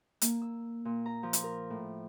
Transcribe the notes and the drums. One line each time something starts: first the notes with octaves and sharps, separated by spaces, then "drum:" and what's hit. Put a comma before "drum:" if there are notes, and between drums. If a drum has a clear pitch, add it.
A#3, drum: hi-hat
E6
A#2
A#5
F3
drum: hi-hat
A#4
A2